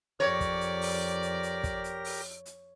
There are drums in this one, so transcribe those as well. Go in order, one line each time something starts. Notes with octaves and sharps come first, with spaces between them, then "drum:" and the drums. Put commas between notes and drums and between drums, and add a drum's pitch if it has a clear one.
F2 G4 A#4 C#5 D5 A#6
drum: kick, hi-hat
drum: hi-hat
drum: open hi-hat
drum: hi-hat
drum: hi-hat
drum: kick, hi-hat
drum: hi-hat
drum: open hi-hat
drum: hi-hat